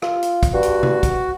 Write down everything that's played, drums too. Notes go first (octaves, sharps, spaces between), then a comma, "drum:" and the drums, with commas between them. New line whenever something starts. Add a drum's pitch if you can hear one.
F4, drum: rim click
drum: hi-hat
drum: kick, hi-hat
G2 F#4
drum: hi-hat
drum: tom C3
drum: kick, hi-hat